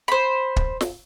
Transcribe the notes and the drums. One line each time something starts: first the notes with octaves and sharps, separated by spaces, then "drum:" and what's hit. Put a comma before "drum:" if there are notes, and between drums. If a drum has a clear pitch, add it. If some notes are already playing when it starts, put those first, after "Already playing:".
C5 B5
drum: kick
drum: snare